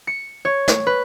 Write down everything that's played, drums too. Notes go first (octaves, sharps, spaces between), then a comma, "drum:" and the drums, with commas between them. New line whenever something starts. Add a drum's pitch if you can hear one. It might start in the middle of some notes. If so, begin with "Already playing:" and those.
C#7
C#5
drum: snare
B4